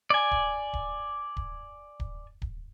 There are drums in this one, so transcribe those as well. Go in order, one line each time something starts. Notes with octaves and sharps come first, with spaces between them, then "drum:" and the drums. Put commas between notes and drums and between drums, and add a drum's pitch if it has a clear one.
D5 G#5
drum: kick D1
drum: kick D1
drum: kick D1
drum: kick D1
drum: kick D1